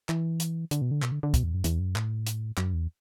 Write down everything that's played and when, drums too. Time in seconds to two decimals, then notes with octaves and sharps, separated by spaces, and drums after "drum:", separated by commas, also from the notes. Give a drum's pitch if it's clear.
0.09 E3, drum: clap
0.40 drum: hi-hat
0.71 D3, drum: hi-hat
0.82 B2
0.91 D3
1.02 B2, drum: clap
1.12 D3
1.23 D3
1.34 B2, drum: kick, hi-hat
1.44 E2
1.54 F#2
1.64 E2, drum: hi-hat
1.79 F#2
1.96 A2, drum: clap
2.26 drum: hi-hat
2.57 F#2, drum: clap
2.73 E2